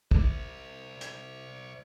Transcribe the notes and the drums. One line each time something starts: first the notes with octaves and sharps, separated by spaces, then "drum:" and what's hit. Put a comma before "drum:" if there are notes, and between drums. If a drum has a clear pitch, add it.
C5 D5, drum: kick
drum: hi-hat